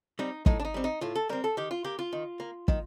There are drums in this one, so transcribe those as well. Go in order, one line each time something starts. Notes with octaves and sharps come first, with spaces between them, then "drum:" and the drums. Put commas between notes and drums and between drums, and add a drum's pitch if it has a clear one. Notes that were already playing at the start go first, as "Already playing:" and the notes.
G3 C4 D#4
A2 D#4, drum: kick
D4
D#4
G3 C4
D#4
A2 F4
A4
G3 C4 A#4
A4
D#3 G4
F4
A#3 G4
F4
D#3
A#3
D#3, drum: kick